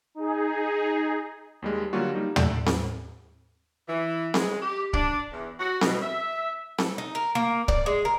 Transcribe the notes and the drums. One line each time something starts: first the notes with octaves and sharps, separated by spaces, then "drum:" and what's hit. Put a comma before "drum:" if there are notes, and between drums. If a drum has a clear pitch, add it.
D#4 G#4
D#2 G3 G#3
D3 F#3 G3 A#3 F4 F#4
G3 A#3 D#4
A4 D5, drum: tom
drum: snare C4
E3
G#3, drum: snare C4
G4
D4, drum: kick C#1
E2
F#4
B2, drum: snare C4
E5
A4, drum: snare C4
D#4
A#4
A#3
D5, drum: kick C#1
G#3
A#4